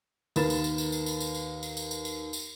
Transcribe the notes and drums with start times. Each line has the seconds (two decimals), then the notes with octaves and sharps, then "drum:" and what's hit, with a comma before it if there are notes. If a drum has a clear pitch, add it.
0.36 D#2 A#4 B4 B5 A6 E7, drum: tambourine
0.50 drum: tambourine
0.64 drum: tambourine
0.78 drum: tambourine
0.92 drum: tambourine
1.06 drum: tambourine
1.20 drum: tambourine
1.35 drum: tambourine
1.63 drum: tambourine
1.77 drum: tambourine
1.91 drum: tambourine
2.05 drum: tambourine
2.33 drum: tambourine